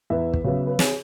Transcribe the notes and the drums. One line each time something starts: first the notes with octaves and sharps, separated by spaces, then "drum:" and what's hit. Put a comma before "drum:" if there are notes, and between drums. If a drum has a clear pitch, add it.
E2 B4 E5
drum: kick
C#3 F#3 B3
B4
G#4 C#5, drum: snare